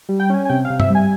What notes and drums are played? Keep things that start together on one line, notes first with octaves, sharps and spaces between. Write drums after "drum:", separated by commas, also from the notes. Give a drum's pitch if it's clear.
G3
G5
C#4 G#5
G#5
C3 G5
F5
C3
E5, drum: tom
G3
G#5